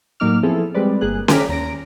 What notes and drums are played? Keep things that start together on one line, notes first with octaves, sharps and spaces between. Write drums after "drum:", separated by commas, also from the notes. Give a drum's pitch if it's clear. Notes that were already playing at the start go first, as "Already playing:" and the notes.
A2 F#3 A#3 D#4 D6 F6
F3 B3 C4 E4 G#4 A4
G3 G#3 C4 B4 D5
G1 A#3 G#4 F#6
G5 G#5 A#5 D6 F6 B6, drum: snare C#4
D#2 A#5 A#6 D7